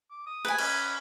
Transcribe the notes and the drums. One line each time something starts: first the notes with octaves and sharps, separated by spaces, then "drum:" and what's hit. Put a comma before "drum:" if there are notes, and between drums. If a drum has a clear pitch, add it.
D6
D#6
B4 G#5
C#4, drum: cymbal